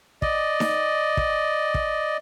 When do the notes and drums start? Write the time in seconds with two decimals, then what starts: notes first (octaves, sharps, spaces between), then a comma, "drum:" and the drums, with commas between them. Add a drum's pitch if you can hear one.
0.22 D5 D#5, drum: kick
0.60 drum: snare D#4
1.17 drum: kick
1.74 drum: kick